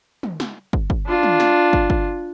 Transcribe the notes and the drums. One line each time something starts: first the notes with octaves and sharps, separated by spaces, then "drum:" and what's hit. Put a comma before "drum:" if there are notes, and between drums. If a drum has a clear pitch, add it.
drum: tom
drum: snare
drum: kick
drum: kick
D4 F4
drum: tom
drum: snare
drum: kick
drum: kick